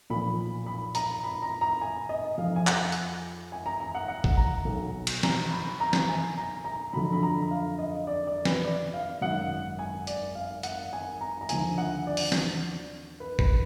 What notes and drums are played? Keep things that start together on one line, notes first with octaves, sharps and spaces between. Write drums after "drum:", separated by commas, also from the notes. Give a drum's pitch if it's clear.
B1 A#2 F3 B5
B5
A#5, drum: hi-hat
B5
A#5
A#5
G#5
D#5
F2 F3 F5
G#5
F#5, drum: clap
drum: hi-hat
G#5
A#5
A#5
F#5
F#5
drum: kick A1
A#5
B1 B2 F#3
drum: cymbal
A#5, drum: snare
B5
A#5
drum: snare
G#5
A#5
A#5
F2 D3 F#3 B5
B5
A#5
F5
D#5
D5
D5
B4, drum: snare
D5
F5
G#1 F#2 D#3 F#5
G#5
D5, drum: hi-hat
F5
F#5, drum: hi-hat
G#5
A#5
A#5
D#2 D3 F3 G#5, drum: hi-hat
F#5
D5
drum: open hi-hat
drum: snare
B4
B4, drum: kick A1